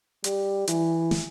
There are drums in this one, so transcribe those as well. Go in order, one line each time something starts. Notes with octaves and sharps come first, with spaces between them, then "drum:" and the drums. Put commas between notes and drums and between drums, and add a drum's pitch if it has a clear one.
G3, drum: hi-hat
E3, drum: hi-hat
drum: snare